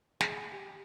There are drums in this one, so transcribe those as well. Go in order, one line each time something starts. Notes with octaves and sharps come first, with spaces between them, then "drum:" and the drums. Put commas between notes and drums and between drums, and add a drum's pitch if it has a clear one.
G#4, drum: snare
G4